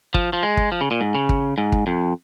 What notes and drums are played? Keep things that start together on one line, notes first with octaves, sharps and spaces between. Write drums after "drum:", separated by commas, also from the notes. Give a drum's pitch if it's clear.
F3, drum: kick
F3
G#3
drum: kick
F3
C#3
A#2
G#2
C#3
drum: kick
G#2
drum: kick
F2